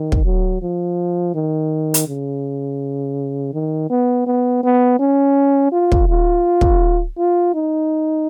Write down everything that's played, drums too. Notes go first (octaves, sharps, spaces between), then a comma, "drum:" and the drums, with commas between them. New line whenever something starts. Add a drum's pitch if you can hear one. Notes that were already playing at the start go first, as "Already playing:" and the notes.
Already playing: D#3
drum: kick
F#3
F3
D#3
drum: hi-hat
C#3
D#3
B3
B3
B3
C#4
F4
drum: kick
F4
drum: kick
F4
D#4